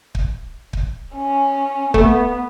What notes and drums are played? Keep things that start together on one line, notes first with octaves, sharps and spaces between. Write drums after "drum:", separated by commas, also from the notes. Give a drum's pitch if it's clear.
drum: kick
drum: kick
C#4
A3 B3, drum: kick